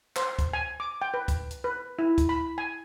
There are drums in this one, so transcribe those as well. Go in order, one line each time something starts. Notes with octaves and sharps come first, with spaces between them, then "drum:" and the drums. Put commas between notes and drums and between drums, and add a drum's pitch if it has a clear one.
C5, drum: clap
drum: kick, hi-hat
G#5
D6
G5
B4
drum: kick, hi-hat
drum: hi-hat
B4
E4
drum: kick, hi-hat
B5
G#5